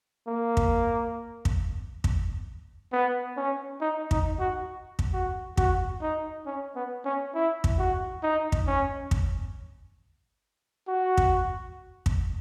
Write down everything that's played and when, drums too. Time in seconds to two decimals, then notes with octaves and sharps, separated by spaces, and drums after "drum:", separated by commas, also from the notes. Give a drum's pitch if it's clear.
0.27 A#3
0.57 drum: kick
1.45 drum: kick
2.04 drum: kick
2.93 B3
3.37 C#4
3.81 D#4
4.11 D#4, drum: kick
4.40 F#4
4.99 drum: kick
5.14 F#4
5.57 F#4, drum: kick
6.01 D#4
6.46 C#4
6.76 B3
7.05 C#4
7.35 E4
7.64 drum: kick
7.79 F#4
8.23 D#4
8.52 drum: kick
8.67 C#4
9.11 drum: kick
10.88 F#4
11.17 drum: kick
12.06 drum: kick